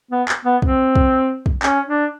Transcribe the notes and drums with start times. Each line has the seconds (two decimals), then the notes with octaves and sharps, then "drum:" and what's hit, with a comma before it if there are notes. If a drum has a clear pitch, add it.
0.11 B3
0.28 drum: clap
0.45 B3
0.62 C4, drum: kick
0.96 drum: kick
1.46 drum: kick
1.63 C#4, drum: clap
1.88 D4